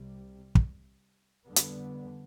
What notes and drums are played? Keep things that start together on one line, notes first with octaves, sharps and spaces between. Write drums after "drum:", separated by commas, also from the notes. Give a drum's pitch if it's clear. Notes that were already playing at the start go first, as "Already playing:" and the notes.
Already playing: C2 C3 G3
drum: kick
F2 D3 G3 B3
drum: hi-hat